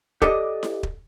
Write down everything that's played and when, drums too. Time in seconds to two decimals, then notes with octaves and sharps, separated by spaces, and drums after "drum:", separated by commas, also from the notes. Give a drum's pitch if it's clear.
0.22 G4 A4 D5 D#5, drum: kick
0.63 drum: snare E4
0.83 drum: kick